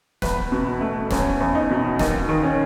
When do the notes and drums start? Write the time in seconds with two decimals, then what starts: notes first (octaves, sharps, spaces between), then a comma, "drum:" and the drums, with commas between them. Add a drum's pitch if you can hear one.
0.22 E2 B4, drum: snare
0.52 B2
0.81 A3
1.11 E2 C#4, drum: snare
1.40 E2
1.55 D#4
1.71 B2
1.99 D#2 D#4, drum: snare
2.29 D#3
2.43 C#4